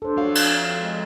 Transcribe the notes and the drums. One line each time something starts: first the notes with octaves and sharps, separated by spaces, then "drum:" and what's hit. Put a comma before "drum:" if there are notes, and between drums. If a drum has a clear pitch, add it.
D4 A4 C5
F2 F#4 C#5 F5
drum: cymbal
G#3